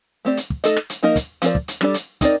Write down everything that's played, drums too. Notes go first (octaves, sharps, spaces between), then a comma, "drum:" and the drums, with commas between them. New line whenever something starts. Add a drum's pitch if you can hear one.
A3 C4 G4 D5
drum: hi-hat
drum: kick
A3 D#4 A4 D#5, drum: hi-hat
drum: rim click
drum: hi-hat
F3 A#3 D#4 A#4 D#5
drum: kick, hi-hat
F3 C4 F4 A#4 D5, drum: hi-hat
drum: kick
drum: hi-hat
G3 D4 A4 D5, drum: rim click
drum: hi-hat
C4 D#4 A#4 D5, drum: kick, hi-hat